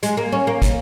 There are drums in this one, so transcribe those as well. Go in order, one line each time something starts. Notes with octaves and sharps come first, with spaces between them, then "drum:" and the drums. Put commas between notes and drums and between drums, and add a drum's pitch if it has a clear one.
G#3, drum: hi-hat
A#3
C#4
A#3
drum: kick, hi-hat